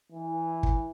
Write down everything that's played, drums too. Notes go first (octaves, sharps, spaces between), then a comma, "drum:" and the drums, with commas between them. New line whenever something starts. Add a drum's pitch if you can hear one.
E3
drum: kick